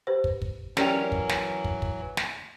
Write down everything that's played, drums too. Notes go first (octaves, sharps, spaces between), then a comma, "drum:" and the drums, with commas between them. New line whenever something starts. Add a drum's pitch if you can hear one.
G4 B4 C5
drum: kick
drum: kick
E3 F#3 C#4 G4 A#4 D5 G5, drum: snare
drum: kick
drum: snare
drum: kick
drum: kick
drum: snare